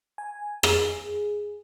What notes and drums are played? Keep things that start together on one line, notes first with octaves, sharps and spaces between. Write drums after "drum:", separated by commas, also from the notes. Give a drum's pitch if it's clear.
G#5
G#4, drum: rim click